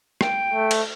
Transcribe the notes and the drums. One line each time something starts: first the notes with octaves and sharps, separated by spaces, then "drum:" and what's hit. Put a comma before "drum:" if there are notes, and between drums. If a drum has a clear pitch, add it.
G5, drum: rim click
A3
drum: cymbal